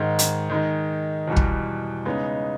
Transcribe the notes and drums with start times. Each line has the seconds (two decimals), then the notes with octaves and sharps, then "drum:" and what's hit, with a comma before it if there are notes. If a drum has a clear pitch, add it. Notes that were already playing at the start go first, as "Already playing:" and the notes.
Already playing: G#2 D#3 G#3
0.19 drum: hi-hat
0.50 D#3 G#3 D#4
1.27 E2 B2 G3
1.36 drum: kick
2.05 C#3 G#3 B3 D#4